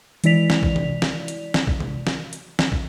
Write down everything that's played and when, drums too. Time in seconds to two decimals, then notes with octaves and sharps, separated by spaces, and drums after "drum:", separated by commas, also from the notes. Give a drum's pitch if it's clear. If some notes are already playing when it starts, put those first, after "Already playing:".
0.24 E3 G#3 E4 D5 B6 F7, drum: hi-hat
0.50 drum: snare
0.63 drum: kick
0.76 drum: tom C3
1.02 drum: snare
1.28 drum: hi-hat
1.54 drum: snare
1.67 drum: kick
1.80 drum: tom C3
2.07 drum: snare
2.33 drum: hi-hat
2.59 drum: snare
2.72 drum: kick